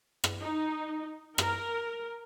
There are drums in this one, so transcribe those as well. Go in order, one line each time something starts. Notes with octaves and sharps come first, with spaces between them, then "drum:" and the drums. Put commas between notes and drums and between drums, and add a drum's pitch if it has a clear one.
drum: rim click
D#4
A#4, drum: rim click